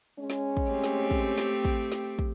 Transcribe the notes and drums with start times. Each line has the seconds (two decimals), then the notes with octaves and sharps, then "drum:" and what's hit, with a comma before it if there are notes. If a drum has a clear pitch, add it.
0.19 G#3 C#4
0.30 drum: snare
0.57 drum: kick
0.70 A3 C4 G4
0.84 drum: snare
1.11 drum: kick
1.38 drum: snare
1.65 drum: kick
1.92 drum: snare
2.19 drum: kick